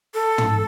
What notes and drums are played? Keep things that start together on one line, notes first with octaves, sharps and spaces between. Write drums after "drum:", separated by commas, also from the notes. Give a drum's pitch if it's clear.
A4
drum: tom